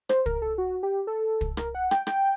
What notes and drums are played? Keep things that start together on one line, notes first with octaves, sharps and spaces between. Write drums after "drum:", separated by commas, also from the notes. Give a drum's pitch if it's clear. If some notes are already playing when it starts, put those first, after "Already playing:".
C5, drum: rim click
A#4, drum: kick
A4
F#4
G4
A4
drum: kick
A#4, drum: rim click
F#5
G5, drum: rim click
G5, drum: rim click